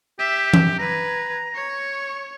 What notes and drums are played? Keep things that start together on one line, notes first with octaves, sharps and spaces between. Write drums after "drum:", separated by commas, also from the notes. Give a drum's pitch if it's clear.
G4 E5
drum: tom E3
B4 A#5 G#6
C#5 C#6